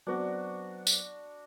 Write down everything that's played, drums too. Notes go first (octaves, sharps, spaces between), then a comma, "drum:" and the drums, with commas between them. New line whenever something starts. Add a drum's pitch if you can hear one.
F#3 B3 C4 D4 F#4
drum: tambourine